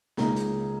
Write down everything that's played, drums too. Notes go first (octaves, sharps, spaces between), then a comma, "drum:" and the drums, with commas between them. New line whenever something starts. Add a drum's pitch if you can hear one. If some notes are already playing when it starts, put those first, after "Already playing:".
C#2 C#3 A#3 D#4 G#4, drum: snare
drum: hi-hat